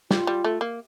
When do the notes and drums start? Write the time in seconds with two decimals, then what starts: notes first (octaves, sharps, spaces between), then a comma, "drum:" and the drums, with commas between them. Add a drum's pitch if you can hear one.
0.11 G3 F4, drum: snare
0.27 G3
0.45 A3
0.61 A#3